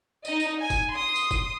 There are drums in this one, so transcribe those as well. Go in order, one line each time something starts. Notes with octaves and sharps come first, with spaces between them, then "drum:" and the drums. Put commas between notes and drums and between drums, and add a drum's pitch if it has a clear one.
D#4 D#5, drum: tambourine
drum: tambourine
G#5
drum: kick, tambourine
C6 D#6
drum: tambourine
drum: kick, tambourine